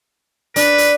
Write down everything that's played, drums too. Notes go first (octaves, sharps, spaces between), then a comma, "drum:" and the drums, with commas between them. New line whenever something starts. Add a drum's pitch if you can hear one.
D4 B4, drum: hi-hat
drum: hi-hat